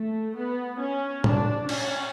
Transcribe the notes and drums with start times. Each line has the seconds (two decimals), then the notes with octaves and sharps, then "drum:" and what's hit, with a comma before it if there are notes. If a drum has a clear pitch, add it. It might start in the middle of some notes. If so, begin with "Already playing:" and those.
Already playing: A3
0.36 B3
0.80 C#4
1.24 D4, drum: tom A2
1.69 C#4, drum: cymbal